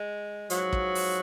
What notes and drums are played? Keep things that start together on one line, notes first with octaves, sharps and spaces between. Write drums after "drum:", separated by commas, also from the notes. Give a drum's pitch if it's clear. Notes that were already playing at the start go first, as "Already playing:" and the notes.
Already playing: G#3
G#2 F3 F#3, drum: hi-hat
drum: kick
drum: open hi-hat